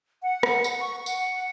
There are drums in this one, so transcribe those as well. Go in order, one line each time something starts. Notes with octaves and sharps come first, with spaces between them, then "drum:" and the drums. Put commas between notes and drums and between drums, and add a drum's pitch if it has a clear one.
F#5
drum: rim click
drum: tambourine
C#6
F#5, drum: tambourine